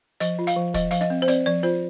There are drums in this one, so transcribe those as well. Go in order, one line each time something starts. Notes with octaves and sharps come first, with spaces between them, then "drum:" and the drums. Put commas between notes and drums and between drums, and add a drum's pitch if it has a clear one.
F3 D#5, drum: hi-hat
F4
F5, drum: hi-hat
F3
F3 D#5, drum: kick, hi-hat
F3 F5, drum: hi-hat
D#5, drum: snare
C4
C5
C4 D5, drum: hi-hat
F3 D5
F4 C5